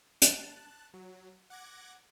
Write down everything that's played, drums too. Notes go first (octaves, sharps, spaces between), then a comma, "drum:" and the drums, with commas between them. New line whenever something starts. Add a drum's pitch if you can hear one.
A5 F#6, drum: hi-hat
F#3
F#5 D6 F#6 G#6 A#6